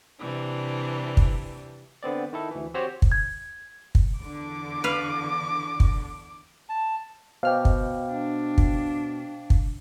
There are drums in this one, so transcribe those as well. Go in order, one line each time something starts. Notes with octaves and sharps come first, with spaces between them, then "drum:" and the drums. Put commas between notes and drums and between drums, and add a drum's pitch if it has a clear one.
C3 E3 G3 D4
drum: kick
D3 B3 C4 D5
D#3 E4 A4
D2 E3
C4 F#4 G4 C5 C#5
drum: kick
G#6
drum: kick
E2 D3 D6
B4 F5
drum: kick
A5
B2 C5 D#5 F5 G5 D6 F6
drum: kick
D4
drum: kick
drum: kick